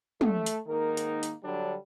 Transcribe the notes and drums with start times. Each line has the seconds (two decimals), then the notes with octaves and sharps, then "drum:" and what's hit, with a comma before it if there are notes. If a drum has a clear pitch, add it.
0.21 A3, drum: tom
0.46 drum: hi-hat
0.67 G#2 D#3 A#3 D#4 A#4
0.97 drum: hi-hat
1.23 drum: hi-hat
1.43 D3 F#3 G3 D4 C#5